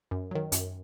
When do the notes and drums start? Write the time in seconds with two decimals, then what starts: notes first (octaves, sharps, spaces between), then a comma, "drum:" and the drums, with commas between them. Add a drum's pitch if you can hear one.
0.11 F#2
0.31 D#3 F#3
0.52 F#2, drum: hi-hat